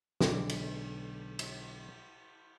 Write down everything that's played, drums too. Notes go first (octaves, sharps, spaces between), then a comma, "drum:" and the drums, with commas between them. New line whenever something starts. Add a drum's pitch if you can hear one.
B1 D3 G#3 G4 E5, drum: snare
drum: cymbal
drum: cymbal